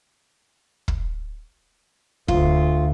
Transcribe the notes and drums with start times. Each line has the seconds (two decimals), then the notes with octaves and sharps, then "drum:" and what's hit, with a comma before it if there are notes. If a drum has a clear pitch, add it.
0.88 drum: kick
2.28 D2 F4, drum: kick